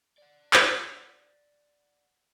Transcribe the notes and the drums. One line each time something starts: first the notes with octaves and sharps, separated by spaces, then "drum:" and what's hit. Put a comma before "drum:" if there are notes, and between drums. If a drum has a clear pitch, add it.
D5 F#5
drum: clap